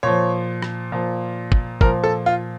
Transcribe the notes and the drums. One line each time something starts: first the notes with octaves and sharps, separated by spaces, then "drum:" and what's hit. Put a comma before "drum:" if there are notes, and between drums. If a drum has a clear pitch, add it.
A#2 F3 C#5
drum: rim click
A#2 F3
drum: kick
A#2 F3 A#4, drum: kick
A4
F4